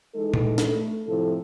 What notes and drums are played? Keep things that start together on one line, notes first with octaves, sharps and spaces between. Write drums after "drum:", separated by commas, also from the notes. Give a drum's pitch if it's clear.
E3 G#3 D#4 A4
drum: tom A#2
drum: snare
A3
A2 C3 F3 E4 A4